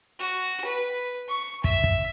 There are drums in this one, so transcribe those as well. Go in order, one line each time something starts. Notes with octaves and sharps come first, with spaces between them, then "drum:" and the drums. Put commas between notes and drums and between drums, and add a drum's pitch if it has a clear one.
F#4
B4
C#6
E5, drum: kick
drum: kick